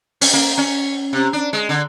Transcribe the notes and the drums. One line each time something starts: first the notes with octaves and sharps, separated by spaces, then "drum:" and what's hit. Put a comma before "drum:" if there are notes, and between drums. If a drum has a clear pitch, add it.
C#4, drum: open hi-hat
A#3
C#4
C3
D4
G#3
D3